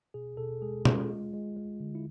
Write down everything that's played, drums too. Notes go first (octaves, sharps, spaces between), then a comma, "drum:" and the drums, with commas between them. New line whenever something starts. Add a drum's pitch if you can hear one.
B2 G#4
B2 A4
G#3 G#4
G#3 F4, drum: tom B2
G#3
G#3
G#3
D3
E4